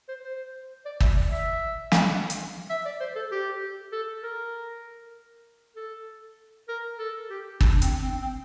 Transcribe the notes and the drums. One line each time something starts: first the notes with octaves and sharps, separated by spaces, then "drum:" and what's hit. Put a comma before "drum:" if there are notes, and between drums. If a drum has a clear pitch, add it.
C5
C5
D5
E5, drum: kick G1
D5
E5
drum: snare
drum: hi-hat
E5
D5
C5
A4
G4
A4
A#4
A4
A#4
A4
G4
D4, drum: kick G1
C4, drum: hi-hat
C4
C4